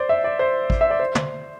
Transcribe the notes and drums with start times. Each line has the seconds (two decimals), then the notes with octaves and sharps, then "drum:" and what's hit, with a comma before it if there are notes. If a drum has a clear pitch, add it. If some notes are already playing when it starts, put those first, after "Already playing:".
Already playing: C5 D5
0.09 E5
0.24 D5
0.39 C5
0.70 drum: kick
0.81 E5
0.91 D5
1.00 C5
1.15 drum: tom